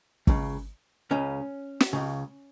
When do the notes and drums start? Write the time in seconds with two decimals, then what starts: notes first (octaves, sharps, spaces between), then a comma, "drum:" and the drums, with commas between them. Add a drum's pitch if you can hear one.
0.27 C#2 C#3, drum: kick
1.11 C#2 C#3 C#4
1.80 drum: snare
1.93 C#2 C#3